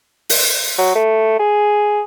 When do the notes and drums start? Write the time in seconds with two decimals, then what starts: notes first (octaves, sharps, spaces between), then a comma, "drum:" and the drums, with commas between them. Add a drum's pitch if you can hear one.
0.29 drum: open hi-hat
0.78 F#3
0.95 A3
1.40 G#4